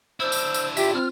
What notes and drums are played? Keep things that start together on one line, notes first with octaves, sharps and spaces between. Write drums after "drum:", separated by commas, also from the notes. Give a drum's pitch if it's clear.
D4 E4 C5 E6
drum: tambourine
drum: tambourine
F4 G4 E5, drum: tambourine
C4 F6